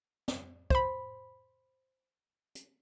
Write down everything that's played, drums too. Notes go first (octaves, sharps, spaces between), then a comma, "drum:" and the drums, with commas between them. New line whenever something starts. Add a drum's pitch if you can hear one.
drum: snare
C5 B5, drum: kick
drum: hi-hat